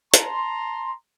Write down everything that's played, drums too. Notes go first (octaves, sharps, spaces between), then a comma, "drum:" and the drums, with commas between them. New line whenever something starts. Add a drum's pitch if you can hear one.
A5 A#5 C6, drum: hi-hat